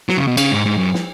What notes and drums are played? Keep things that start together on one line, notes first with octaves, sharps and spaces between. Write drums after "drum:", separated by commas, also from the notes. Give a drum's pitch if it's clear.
F#3, drum: snare
C#3
B2
C#3, drum: cymbal
G#2
G#2
F#2
drum: snare